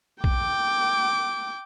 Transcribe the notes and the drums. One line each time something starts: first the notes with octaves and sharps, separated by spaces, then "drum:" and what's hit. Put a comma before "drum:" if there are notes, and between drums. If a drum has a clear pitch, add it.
G5 D6, drum: kick